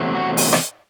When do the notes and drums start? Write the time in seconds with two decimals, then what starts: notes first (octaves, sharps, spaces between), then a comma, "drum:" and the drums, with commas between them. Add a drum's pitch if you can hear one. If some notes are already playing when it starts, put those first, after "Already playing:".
Already playing: E2 C3 F#3 A3
0.15 F#4
0.37 drum: open hi-hat
0.53 drum: rim click